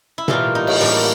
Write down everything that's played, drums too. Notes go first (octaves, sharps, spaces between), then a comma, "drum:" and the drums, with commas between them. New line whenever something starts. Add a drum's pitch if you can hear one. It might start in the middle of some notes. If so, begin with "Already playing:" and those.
E4
A2 E3 G3 A#3 F4, drum: tom B2
D#4
drum: cymbal
A2 E3 G3 A#3 D4